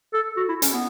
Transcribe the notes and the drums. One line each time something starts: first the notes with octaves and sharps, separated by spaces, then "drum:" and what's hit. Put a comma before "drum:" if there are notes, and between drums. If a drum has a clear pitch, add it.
A4
F#4
E4
C#4, drum: hi-hat
B3